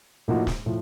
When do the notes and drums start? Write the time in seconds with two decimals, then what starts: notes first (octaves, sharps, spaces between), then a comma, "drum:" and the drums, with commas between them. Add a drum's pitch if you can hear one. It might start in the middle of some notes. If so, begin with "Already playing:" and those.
0.28 A2 F3 A#3 D#4 F#4
0.47 drum: snare
0.66 A2 F3